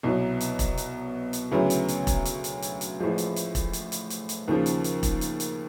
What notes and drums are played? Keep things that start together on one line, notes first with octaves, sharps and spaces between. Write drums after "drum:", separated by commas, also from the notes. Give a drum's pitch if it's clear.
C2 B2 F#3
drum: hi-hat
drum: kick E1, hi-hat
drum: hi-hat
drum: hi-hat
D2 C#3 F#3 B3 E4
drum: hi-hat
drum: hi-hat
drum: kick E1, hi-hat
drum: hi-hat
drum: hi-hat
drum: hi-hat
drum: hi-hat
A1 A2 F3 G#3
drum: hi-hat
drum: hi-hat
drum: kick E1, hi-hat
drum: hi-hat
drum: hi-hat
drum: hi-hat
drum: hi-hat
D#2 C#3 F3
drum: hi-hat
drum: hi-hat
drum: kick E1, hi-hat
drum: hi-hat
drum: hi-hat